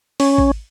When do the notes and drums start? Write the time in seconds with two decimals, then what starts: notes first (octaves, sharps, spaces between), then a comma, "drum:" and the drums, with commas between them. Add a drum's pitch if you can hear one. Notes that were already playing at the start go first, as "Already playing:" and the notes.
0.20 C#4, drum: open hi-hat
0.38 drum: kick